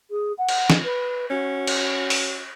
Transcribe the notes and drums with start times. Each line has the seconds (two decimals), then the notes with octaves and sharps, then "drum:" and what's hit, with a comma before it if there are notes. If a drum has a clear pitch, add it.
0.10 G#4
0.38 F#5
0.49 drum: cymbal
0.70 drum: snare
0.84 B4
1.30 C#4 F#4
1.67 drum: cymbal
2.10 drum: open hi-hat